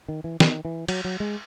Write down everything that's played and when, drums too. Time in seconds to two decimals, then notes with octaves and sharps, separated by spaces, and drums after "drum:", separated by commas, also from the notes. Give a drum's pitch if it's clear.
0.08 D#3
0.24 E3
0.40 D#3, drum: snare
0.65 E3
0.88 F#3, drum: cymbal
1.05 F#3
1.20 G#3